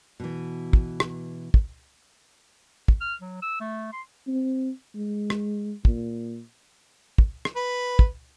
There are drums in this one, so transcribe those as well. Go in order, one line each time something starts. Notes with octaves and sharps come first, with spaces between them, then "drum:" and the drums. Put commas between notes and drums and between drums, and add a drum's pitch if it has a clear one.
B2 E3
drum: kick
drum: rim click
drum: kick
drum: kick
F6
F#3
E6
A3
C6
C4
G#3
drum: rim click
A#2, drum: kick
drum: kick
drum: rim click
B4
drum: kick